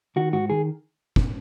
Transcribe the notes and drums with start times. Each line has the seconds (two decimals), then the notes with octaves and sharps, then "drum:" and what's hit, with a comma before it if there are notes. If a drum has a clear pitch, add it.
0.16 D#3 F#4
0.32 G#2 F#4
0.50 D#3 G#4
1.16 drum: kick